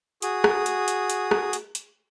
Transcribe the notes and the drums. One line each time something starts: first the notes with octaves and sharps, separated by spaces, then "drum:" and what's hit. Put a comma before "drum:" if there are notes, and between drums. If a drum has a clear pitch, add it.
F#4 G#4 D#6, drum: hi-hat
drum: rim click
drum: hi-hat
drum: hi-hat
drum: hi-hat
drum: rim click
drum: hi-hat
drum: hi-hat